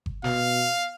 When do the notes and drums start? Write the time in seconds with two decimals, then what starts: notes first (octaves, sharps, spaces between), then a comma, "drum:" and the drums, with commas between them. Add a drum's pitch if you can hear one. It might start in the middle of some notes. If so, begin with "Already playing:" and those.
0.06 drum: kick G1
0.24 B2 F5, drum: snare